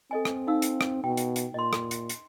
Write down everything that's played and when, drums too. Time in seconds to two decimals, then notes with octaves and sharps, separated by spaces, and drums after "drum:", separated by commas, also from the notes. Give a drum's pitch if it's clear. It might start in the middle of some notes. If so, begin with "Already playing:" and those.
0.11 C4 A4 D#5 G#5
0.25 drum: rim click
0.47 D#4 F5 E6
0.62 drum: hi-hat
0.81 drum: rim click
1.04 B2 G5
1.17 drum: hi-hat
1.36 drum: hi-hat
1.54 A#2 D#5 C6
1.73 drum: rim click
1.91 drum: hi-hat
2.09 drum: hi-hat